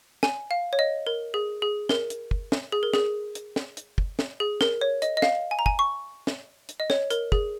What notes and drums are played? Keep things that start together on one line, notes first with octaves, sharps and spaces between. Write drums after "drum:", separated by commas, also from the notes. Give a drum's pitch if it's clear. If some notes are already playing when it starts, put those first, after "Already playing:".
G#5, drum: snare
F5
C#5
D#5
A#4
G#4
G#4
A#4, drum: snare
drum: hi-hat
drum: kick
drum: snare
G#4
A#4
G#4, drum: snare
drum: hi-hat
drum: snare
drum: hi-hat
drum: kick
drum: snare
G#4
A#4, drum: snare
C#5
D#5, drum: hi-hat
D#5
F5, drum: snare
G#5
A#5
G#5, drum: kick
C#6
drum: snare
drum: hi-hat
D#5
C#5, drum: snare
A#4, drum: hi-hat
G#4, drum: kick